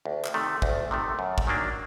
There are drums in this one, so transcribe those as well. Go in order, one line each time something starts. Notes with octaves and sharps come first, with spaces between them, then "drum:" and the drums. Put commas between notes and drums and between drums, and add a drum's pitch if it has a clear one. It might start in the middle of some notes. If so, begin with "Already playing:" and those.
D2
drum: clap
C3 D#3 A3
D2, drum: kick
C3 D#3 A3
F#2
drum: kick
D#3 F#3 A#3 D4